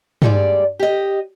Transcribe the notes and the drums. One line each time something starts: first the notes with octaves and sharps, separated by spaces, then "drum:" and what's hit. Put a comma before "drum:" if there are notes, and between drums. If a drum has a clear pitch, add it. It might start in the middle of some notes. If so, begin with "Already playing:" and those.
D#2 G3 G#3 D5, drum: tom
G4 D#5